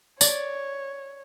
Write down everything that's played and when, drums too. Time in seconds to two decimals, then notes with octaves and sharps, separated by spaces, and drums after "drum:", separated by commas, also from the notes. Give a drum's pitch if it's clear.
0.21 C#5 D5, drum: tambourine